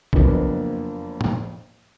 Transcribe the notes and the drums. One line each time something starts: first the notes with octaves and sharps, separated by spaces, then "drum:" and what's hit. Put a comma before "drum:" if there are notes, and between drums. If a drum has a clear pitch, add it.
F#1 F2 A#3 B3 D4, drum: kick
drum: tom